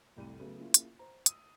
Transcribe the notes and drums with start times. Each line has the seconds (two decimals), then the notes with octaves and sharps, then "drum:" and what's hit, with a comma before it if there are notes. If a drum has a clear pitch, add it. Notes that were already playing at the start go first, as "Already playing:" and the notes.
0.17 F1 C2 A2 D#7
0.40 C#3 F#3 A3 B3
0.59 A#3 C#4 E4 F4 G#4
0.74 drum: hi-hat
0.99 C5 A#5
1.26 D#6 E6 D#7, drum: hi-hat